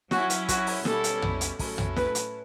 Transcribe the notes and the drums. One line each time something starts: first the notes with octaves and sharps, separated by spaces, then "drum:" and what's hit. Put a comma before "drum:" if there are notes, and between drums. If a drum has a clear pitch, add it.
F#3 C#4 E4 F#4, drum: snare
drum: hi-hat
F#4, drum: kick, hi-hat
drum: open hi-hat
B2 G3 C#4 E4 A4, drum: snare
drum: hi-hat
drum: tom
drum: hi-hat
A2 F#3 C#4 E4 A4, drum: kick, open hi-hat
drum: tom
B4, drum: snare
drum: hi-hat